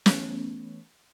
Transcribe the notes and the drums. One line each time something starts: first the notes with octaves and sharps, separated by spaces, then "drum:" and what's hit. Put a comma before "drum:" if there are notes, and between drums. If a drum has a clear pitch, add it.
E3 A3 B3 C#4, drum: snare